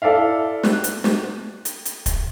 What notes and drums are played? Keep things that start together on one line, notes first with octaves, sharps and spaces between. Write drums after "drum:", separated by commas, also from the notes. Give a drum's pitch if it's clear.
E4 A4 D5 E5 F5
F#6, drum: snare
drum: hi-hat
drum: snare
drum: hi-hat
drum: hi-hat
drum: kick, hi-hat